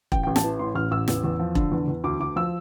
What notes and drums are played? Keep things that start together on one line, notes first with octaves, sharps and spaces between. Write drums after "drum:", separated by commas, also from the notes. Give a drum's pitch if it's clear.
A1 G5, drum: kick E1
A1 G5
A5, drum: snare
E3
A2 C6
A1 F6
A1 E6
E2, drum: snare
E2
F3
D3, drum: kick E1
E2
E2
D2 D6
D2 D6
F3 E6